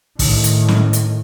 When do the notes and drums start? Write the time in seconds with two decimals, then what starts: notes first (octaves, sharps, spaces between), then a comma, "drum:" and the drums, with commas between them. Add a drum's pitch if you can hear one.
0.19 A2 D#3, drum: kick, open hi-hat
0.44 drum: hi-hat
0.68 drum: snare
0.93 drum: hi-hat